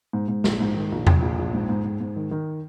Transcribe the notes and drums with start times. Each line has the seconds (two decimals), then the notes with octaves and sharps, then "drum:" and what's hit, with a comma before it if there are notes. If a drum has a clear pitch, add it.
0.13 G#2
0.28 G#2
0.44 A#1, drum: snare
0.60 G#2
0.76 D#3
0.92 A#1
1.07 A#1, drum: tom E2
1.22 A#1
1.39 A#1
1.54 G#2
1.69 G#2
1.84 G#2
2.01 G#2
2.16 D#3
2.31 D#3